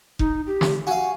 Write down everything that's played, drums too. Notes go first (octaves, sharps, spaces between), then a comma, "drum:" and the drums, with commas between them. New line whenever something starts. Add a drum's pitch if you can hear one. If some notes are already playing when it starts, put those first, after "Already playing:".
D#4, drum: kick F1
G4
drum: snare
F#4 F5 G#5